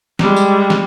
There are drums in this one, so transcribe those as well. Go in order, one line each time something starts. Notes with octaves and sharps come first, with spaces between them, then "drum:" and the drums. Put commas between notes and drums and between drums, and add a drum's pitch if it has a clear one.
G3 G#3, drum: snare
drum: tambourine
drum: snare